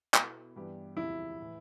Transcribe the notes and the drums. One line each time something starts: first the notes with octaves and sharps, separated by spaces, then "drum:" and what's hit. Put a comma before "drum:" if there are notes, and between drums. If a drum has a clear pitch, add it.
B2 B3 E4 A4, drum: clap
G2 E3 B3 D4 G4
E1 D2 C3 F3 E4
A2 E3